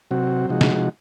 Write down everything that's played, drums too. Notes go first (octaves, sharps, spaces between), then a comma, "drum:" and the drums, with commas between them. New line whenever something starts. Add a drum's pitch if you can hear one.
C3 F#3 C4 F#4
C3 F3 G#3 D#4 F#4
drum: snare